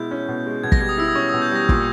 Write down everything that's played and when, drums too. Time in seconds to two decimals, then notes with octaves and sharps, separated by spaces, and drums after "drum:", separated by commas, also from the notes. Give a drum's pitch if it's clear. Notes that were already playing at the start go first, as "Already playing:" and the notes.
Already playing: B2 G#3 E4 G6
0.11 C#4
0.28 B2
0.46 G#3
0.64 B2 G#6
0.72 A#6, drum: kick
0.81 G3 G#6
0.89 D#6
0.98 E4 E6
1.08 D#6
1.15 C#4 C#6
1.29 D#6
1.34 B2
1.42 G6
1.51 G3 A#6
1.69 A#2, drum: kick